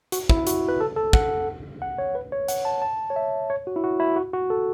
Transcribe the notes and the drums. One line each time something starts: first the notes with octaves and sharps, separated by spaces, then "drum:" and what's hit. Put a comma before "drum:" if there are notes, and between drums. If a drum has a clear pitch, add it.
F#4, drum: hi-hat
E4, drum: kick
F#4, drum: hi-hat
B4
A4
A4
F#5, drum: kick
F#5
C#5
B4
C#5
F#5, drum: hi-hat
A5
A5
C#5
E5
C#5
F#4
E4
F#4
E4
F#4
F#4
A4